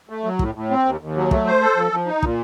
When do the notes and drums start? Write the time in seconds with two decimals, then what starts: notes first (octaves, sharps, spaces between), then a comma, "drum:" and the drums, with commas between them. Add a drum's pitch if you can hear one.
0.09 A3
0.24 F#3
0.39 A2, drum: kick
0.55 A2
0.71 C4
0.85 D#2
1.01 D#2
1.16 F#3
1.31 A3, drum: kick
1.46 C5
1.61 A4
1.76 F3
1.92 F3
2.07 D#4
2.22 A#2, drum: kick